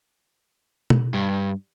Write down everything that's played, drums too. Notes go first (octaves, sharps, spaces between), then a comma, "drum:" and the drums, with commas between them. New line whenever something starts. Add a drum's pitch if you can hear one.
drum: tom B2
G2